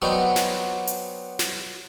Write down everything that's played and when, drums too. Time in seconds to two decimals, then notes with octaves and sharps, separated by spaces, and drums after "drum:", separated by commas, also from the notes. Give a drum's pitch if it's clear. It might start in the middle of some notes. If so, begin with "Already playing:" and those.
0.02 F#3 B3 C4 D4 D#4
0.36 drum: snare
0.87 drum: hi-hat
1.39 drum: snare